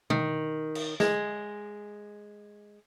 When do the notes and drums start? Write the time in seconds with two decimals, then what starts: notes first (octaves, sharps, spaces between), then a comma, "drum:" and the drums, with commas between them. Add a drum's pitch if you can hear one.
0.10 D#3, drum: tom B2
0.75 drum: cymbal
1.00 G#3, drum: snare